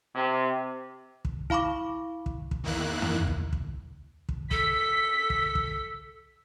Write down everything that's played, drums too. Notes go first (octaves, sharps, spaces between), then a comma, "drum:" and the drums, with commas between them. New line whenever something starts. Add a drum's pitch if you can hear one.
C3
drum: kick
E4 F5 B5 C#6 D6, drum: kick
drum: kick
drum: kick
E2 D#3 A#3 E4 F#6
drum: tom
drum: kick
drum: kick
drum: kick
A4 B6, drum: kick
drum: kick
drum: kick